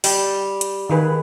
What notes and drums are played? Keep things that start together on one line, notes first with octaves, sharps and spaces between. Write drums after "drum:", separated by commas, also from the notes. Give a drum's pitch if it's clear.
G3, drum: open hi-hat
drum: hi-hat
D#3 G#4 B4